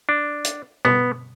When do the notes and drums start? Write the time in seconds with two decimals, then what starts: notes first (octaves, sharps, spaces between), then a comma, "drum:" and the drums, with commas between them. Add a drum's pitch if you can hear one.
0.09 D4
0.45 drum: hi-hat
0.85 B3, drum: tom B2